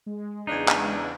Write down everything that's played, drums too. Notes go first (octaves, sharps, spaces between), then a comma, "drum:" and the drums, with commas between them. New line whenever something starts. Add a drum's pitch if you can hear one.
G#3
E2 C#3 D4 D#4
drum: clap